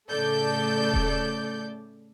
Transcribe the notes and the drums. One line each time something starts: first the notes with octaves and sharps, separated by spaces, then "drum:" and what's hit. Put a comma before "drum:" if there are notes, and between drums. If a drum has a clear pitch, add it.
A2 C#3 A3 A4 D5 G6
drum: kick D#1